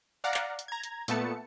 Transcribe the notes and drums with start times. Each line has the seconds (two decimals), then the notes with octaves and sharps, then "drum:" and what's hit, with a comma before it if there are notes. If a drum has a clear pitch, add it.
0.24 D5 F5 F#5 A#5
0.34 drum: clap
0.59 drum: hi-hat
0.68 A#5 G#6
0.83 drum: hi-hat
1.08 A#2 A3 B3 A5 C#7, drum: hi-hat